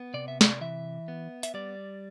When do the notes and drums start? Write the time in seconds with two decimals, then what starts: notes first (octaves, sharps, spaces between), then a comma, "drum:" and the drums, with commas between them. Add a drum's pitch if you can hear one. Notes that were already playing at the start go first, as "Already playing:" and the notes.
Already playing: B3
0.14 C3 D5
0.28 E5
0.41 D5, drum: snare
0.61 E3 E5
1.08 B3
1.43 E5, drum: hi-hat
1.54 G3 D5